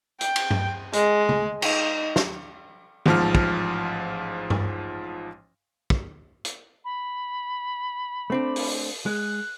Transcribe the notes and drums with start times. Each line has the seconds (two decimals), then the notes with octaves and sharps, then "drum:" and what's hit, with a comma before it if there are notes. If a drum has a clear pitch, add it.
0.21 G5, drum: hi-hat
0.36 drum: cymbal
0.51 drum: tom G2
0.93 G#3, drum: hi-hat
1.29 drum: tom
1.62 D#4, drum: cymbal
2.16 drum: snare
3.06 A1 G#2 F3 A5 F6, drum: tom
3.35 drum: kick
4.50 drum: tom G2
5.90 drum: kick
6.45 drum: hi-hat
6.85 B5
8.30 A3 C4 D4
8.56 drum: open hi-hat
9.06 G#3 F#6